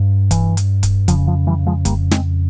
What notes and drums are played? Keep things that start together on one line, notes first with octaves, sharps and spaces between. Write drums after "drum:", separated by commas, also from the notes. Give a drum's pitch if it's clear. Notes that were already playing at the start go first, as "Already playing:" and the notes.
Already playing: G2
E3, drum: kick, hi-hat
drum: hi-hat
drum: kick, hi-hat
F2 C#3 F3, drum: kick, hi-hat
F3
E3 G3
F3 G#3
G3 A#3, drum: kick, hi-hat
G#3 C4, drum: snare